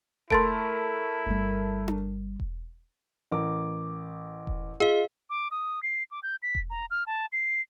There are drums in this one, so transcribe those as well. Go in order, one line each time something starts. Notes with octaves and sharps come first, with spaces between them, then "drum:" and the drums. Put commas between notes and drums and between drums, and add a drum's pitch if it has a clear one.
A3 E4 A4 A#4 C6 A6 D7, drum: kick E1
G1 G3
drum: tom D4
drum: kick E1
A1 A#4 D6
drum: kick E1
F4 G#4 D#5
D6
D#6
C7
D6
G6
B6
drum: kick E1
A#5
F6
A5
C7